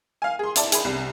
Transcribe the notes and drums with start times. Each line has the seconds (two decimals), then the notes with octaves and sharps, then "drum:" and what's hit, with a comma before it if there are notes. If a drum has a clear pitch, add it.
0.22 F5 G#5
0.39 G#4 C6
0.56 E4 D5 A5, drum: hi-hat
0.72 G#4 B5, drum: hi-hat
0.85 C2